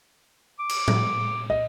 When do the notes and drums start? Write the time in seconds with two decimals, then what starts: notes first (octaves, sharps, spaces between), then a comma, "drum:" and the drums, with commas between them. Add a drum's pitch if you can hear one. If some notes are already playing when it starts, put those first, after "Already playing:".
0.60 D6
0.69 drum: cymbal
0.88 drum: tom A2
1.50 D#5